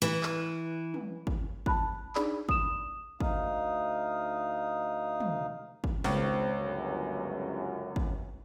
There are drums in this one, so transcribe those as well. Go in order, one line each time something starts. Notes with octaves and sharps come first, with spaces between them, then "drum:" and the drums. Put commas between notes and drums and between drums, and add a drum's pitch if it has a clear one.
E3
drum: clap
drum: tom
drum: kick
A5 B5 F#6, drum: kick
D4 D#4 G#4 D5 B5, drum: clap
D#6 E7, drum: kick
D2 D#4 F5 D#6, drum: kick
drum: tom
drum: kick
G#1 C#2 C5, drum: snare
G1 F#2
drum: kick